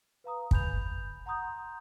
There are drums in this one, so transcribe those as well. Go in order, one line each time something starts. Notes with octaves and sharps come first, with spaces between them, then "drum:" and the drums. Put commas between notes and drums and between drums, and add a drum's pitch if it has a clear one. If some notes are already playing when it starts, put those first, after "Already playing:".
B4 F5 A#5 D#6
G#5 B5 G6 F7, drum: kick
F#5 A#5 C6 D#6 G6